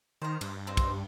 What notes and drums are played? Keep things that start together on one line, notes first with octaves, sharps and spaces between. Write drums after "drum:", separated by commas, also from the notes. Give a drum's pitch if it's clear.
D#3 C5 A#5
G2, drum: cymbal
C4 D#4 C5
drum: kick, cymbal